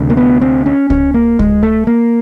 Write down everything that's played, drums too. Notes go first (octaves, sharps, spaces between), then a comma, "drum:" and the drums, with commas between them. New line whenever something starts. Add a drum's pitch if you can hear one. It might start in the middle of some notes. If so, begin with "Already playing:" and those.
Already playing: D2 C3
A#3
B3
C4
C#4
C#4, drum: kick C#2
A#3
G#3, drum: kick C#2
A3
A#3